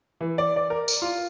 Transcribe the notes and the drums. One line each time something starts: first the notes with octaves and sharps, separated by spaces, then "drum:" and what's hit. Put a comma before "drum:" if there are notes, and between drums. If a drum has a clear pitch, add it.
E3
D5
D5
A#4
drum: tambourine
F4